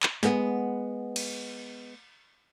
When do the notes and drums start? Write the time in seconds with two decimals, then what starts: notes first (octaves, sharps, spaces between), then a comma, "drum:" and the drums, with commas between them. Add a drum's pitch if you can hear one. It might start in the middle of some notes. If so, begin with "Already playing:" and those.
0.03 drum: clap
0.23 G#3 B3, drum: snare
1.16 drum: cymbal